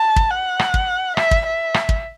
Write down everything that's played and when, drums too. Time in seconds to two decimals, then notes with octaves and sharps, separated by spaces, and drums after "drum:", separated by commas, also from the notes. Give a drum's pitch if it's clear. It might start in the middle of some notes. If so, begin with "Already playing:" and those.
Already playing: A5
0.16 drum: kick
0.31 F#5
0.59 drum: rim click
0.74 drum: kick
1.17 E5, drum: rim click
1.31 drum: kick
1.46 E5
1.74 drum: rim click
1.89 drum: kick